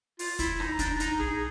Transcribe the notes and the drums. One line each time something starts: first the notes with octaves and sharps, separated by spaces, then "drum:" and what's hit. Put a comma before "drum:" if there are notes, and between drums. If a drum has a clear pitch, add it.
F4, drum: open hi-hat
E4, drum: kick, hi-hat
D#4, drum: rim click
D4, drum: kick, hi-hat
D#4, drum: hi-hat
G#4, drum: tom B1